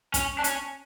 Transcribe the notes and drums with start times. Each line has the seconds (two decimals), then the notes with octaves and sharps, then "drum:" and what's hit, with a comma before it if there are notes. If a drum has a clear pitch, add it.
0.14 C#4, drum: kick, hi-hat
0.39 D4
0.44 C#4, drum: hi-hat